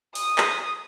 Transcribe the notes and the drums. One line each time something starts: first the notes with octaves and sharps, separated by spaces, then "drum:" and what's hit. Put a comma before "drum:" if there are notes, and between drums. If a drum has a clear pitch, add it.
D#6, drum: open hi-hat
drum: clap